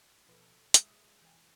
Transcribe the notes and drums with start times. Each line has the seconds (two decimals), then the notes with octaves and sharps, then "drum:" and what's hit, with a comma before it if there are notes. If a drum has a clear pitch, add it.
0.28 B2 F3 A4 B4
0.74 G#3 G#4 E5, drum: hi-hat
1.22 E3 G5 G#5